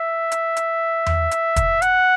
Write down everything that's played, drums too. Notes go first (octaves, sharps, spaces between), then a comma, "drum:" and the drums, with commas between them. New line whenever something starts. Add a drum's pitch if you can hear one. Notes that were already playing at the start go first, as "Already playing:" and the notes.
Already playing: E5
drum: hi-hat
drum: hi-hat
drum: tom E2
drum: hi-hat
drum: kick, hi-hat
F#5, drum: hi-hat